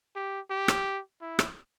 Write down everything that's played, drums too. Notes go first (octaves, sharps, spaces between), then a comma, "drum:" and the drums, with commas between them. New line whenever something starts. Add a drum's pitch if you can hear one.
G4
G4
drum: rim click
E4
drum: rim click